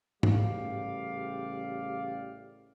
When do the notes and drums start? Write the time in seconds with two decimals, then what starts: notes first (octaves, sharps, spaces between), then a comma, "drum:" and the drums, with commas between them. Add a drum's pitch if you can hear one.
0.23 A1 C#3 G3 G4 D5 F5, drum: tom